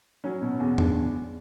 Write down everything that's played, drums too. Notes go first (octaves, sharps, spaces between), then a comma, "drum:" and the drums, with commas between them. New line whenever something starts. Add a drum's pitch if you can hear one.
F#3 C#4
B2
E2
E2 D4, drum: tom E2